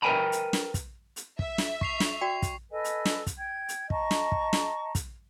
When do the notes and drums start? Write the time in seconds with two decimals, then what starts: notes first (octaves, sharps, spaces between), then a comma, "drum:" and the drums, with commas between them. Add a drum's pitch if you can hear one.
0.02 A#4 B4 G5 G#5 A#5 B5
0.32 drum: hi-hat
0.53 drum: snare
0.74 drum: kick, hi-hat
1.16 drum: hi-hat
1.39 E5, drum: kick
1.58 drum: snare
1.81 C#6 C7 F7, drum: kick
2.00 drum: snare
2.21 F#4 D5 G5
2.42 drum: kick, hi-hat
2.70 A4 B4 D#5 G#5
2.84 drum: hi-hat
3.05 drum: snare
3.27 drum: kick, hi-hat
3.36 G5 G#6
3.69 drum: hi-hat
3.90 D#5 A5 A#5 C#6, drum: kick
4.11 drum: snare
4.32 drum: kick
4.53 drum: snare
4.95 drum: kick, hi-hat